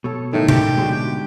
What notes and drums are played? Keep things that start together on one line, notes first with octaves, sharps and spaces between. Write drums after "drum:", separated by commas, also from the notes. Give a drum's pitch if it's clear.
B2 A4 C#5
A2 D#3 A3
G4, drum: tom B2
D2 G#2 B2 G#3 D4 F#4
G4